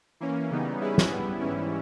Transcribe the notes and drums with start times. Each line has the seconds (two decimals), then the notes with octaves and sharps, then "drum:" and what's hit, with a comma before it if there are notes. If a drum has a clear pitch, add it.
0.20 E3 A#3 C#4
0.51 C#3 E3 G3 B3 D#4
0.81 G3 C#4 E4 G#4 B4
0.98 drum: snare
1.10 G3 B3 E4
1.40 G#2 E3 G3 C#4 E4